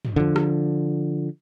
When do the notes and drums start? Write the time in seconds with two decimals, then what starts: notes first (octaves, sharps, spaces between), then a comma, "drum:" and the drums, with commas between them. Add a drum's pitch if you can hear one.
0.05 drum: tom
0.16 D3 F3
0.36 drum: rim click